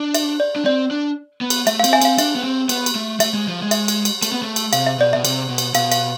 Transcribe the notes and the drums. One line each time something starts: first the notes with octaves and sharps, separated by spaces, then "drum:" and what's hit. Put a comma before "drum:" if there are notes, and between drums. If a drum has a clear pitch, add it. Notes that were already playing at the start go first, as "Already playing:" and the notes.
Already playing: D4
E5, drum: cymbal
D5
D4
C4 D5
D4
B3
drum: cymbal
A3 E5, drum: cymbal
F5
C4, drum: cymbal
E5 G#5
C4 F5, drum: cymbal
D4 E5, drum: cymbal
B3
C4
B3, drum: cymbal
drum: cymbal
A3
A3 E5, drum: cymbal
G#3
F3
G#3
E5, drum: cymbal
drum: cymbal
drum: cymbal
A3, drum: cymbal
B3
A3
drum: cymbal
C3 F5, drum: cymbal
E5
B2 D5
B2 E5
C3, drum: cymbal
B2
drum: cymbal
B2 F5, drum: cymbal
F5, drum: cymbal